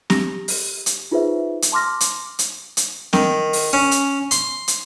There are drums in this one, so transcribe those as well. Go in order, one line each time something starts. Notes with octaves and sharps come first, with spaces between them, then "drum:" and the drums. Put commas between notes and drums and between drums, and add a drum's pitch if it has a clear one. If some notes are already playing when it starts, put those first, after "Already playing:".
G4 A#6, drum: snare C4
drum: open hi-hat
drum: hi-hat
D#4 F4 G#4 B4 C5 E5
drum: hi-hat
A5 C6 D6 F6 A#6
drum: hi-hat
drum: hi-hat
drum: hi-hat
D#3, drum: snare C4
drum: open hi-hat
C#4
drum: hi-hat
C6, drum: hi-hat
drum: hi-hat